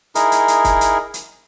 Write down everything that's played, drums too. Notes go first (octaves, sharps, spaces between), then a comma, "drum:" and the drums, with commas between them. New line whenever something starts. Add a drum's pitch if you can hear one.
D#4 E4 G#4 A#4, drum: hi-hat
drum: hi-hat
drum: hi-hat
drum: kick, hi-hat
drum: hi-hat
drum: hi-hat